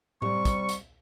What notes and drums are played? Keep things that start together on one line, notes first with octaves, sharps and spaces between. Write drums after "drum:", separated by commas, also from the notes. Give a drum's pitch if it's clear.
C3 G3 C#6, drum: tom A2
drum: kick, hi-hat
drum: hi-hat